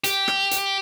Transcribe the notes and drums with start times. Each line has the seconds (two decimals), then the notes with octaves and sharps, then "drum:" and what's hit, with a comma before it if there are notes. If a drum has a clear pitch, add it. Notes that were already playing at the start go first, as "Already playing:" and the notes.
0.04 G4, drum: hi-hat
0.28 drum: rim click
0.51 drum: hi-hat